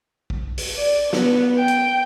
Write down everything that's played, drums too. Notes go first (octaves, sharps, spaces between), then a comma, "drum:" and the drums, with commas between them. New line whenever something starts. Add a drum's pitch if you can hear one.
drum: kick
drum: open hi-hat
D5
B3, drum: snare
G5
drum: hi-hat